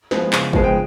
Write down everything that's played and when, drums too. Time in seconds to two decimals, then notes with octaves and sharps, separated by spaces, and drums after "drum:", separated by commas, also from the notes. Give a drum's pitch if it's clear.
0.11 F3 G#3 B3, drum: snare
0.33 C#3, drum: clap
0.53 F3 G#3 B3, drum: kick
0.64 G5